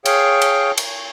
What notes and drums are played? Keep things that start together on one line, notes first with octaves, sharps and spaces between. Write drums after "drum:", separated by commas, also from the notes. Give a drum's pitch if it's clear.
G#4 C#5 F5 G5, drum: cymbal
drum: cymbal
drum: cymbal